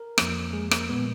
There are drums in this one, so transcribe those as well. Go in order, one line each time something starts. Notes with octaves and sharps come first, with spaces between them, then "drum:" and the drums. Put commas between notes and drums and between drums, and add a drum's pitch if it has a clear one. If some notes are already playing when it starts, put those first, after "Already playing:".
Already playing: A#4
F2 F3 A#3, drum: rim click
G#3 G#4
A#3 A#4, drum: rim click
A#2 G#3 B3 B4